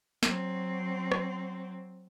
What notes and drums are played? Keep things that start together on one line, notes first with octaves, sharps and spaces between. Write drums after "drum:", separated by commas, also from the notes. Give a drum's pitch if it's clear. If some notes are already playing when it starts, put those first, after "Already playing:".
F#3 C4, drum: snare
drum: rim click